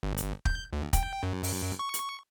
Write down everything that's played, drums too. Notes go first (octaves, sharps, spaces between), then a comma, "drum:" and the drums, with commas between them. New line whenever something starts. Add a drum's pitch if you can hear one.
G1
drum: hi-hat
G6, drum: kick
D2
G5, drum: kick, hi-hat
F#2
drum: open hi-hat
C#6
drum: hi-hat